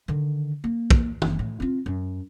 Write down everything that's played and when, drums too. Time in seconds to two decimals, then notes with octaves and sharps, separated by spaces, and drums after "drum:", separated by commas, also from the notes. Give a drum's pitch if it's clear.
0.08 D3 D#3
0.64 A#3
0.90 drum: kick
1.22 F#1 F2, drum: tom
1.39 A2
1.60 C4 F4
1.86 F#2